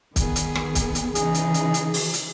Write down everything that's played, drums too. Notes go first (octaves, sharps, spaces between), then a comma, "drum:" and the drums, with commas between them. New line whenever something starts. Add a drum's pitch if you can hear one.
D#3 B3 G#4, drum: kick, hi-hat
drum: hi-hat
drum: rim click
drum: kick, hi-hat
drum: hi-hat
C#3 E3 D#4 G#4, drum: hi-hat
drum: hi-hat
drum: hi-hat
drum: hi-hat
drum: open hi-hat
drum: hi-hat